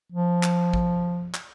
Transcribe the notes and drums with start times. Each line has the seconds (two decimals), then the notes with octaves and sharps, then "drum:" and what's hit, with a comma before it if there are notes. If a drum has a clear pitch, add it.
0.13 F3
0.43 drum: clap
0.73 drum: kick A1
1.34 drum: clap